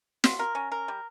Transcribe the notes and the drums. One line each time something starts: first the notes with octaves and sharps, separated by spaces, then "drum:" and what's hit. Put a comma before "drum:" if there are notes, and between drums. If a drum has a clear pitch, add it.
F4, drum: snare
A#4
C#4
A#4
G3